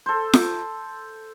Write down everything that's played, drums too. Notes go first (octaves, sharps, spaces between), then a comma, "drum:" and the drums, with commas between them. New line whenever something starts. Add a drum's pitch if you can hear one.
A4 C5
drum: snare F4